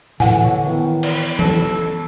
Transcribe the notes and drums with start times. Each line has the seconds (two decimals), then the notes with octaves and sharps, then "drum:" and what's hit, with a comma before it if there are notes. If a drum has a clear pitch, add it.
0.20 D3 E3 F#5 G#5, drum: tom A2
0.45 C#5
0.66 D#3 E3 B3
1.03 drum: cymbal
1.39 A4, drum: tom E3